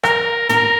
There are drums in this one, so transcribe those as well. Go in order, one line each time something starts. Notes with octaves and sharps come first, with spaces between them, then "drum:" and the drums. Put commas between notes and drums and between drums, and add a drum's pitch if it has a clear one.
A#4, drum: rim click
A#4, drum: tom